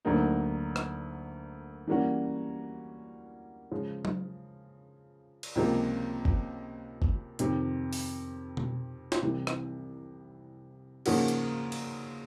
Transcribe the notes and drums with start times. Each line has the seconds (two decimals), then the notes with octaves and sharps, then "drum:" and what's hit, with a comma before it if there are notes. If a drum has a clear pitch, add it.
0.05 D2 D3 F#3 A#3 D#4
0.76 drum: rim click
1.87 E3 G3 A#3 C#4 F#4
3.71 C#3 F3 G#3
4.05 drum: tom F#3
5.43 drum: cymbal
5.55 C#2 C3 F3 A#3
6.25 drum: kick G1
7.02 drum: kick G1
7.39 F2 C3 D#3, drum: hi-hat
7.93 drum: open hi-hat
8.57 drum: tom B2
9.12 drum: snare
9.22 C2 C3 E3
9.47 drum: rim click
11.06 C#3 F3 A#3 D#4 F#4, drum: cymbal
11.28 drum: hi-hat
11.72 drum: cymbal